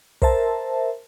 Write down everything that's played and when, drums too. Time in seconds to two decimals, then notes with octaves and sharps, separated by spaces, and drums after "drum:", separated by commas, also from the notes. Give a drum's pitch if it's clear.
0.22 A#4 C5 E5 A5, drum: kick